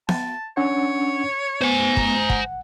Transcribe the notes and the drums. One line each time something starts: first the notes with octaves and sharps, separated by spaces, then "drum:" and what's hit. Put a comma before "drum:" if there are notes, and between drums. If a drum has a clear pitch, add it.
A5, drum: snare B3
C#4 D4 C#5 F#5
B3 C5 G#5
A#5, drum: kick
F#5, drum: kick